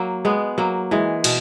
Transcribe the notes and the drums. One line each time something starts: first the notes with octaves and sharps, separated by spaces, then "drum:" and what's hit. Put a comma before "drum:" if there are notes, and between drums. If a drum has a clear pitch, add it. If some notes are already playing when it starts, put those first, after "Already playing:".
Already playing: F#3 A#3
G#3 B3
F#3 A#3
E3 G#3
B2, drum: cymbal